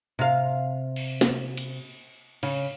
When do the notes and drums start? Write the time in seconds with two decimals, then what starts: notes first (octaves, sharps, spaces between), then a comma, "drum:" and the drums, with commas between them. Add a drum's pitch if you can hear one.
0.19 C3 F5
0.96 drum: cymbal
1.21 drum: snare
1.57 drum: cymbal
2.43 C#3, drum: cymbal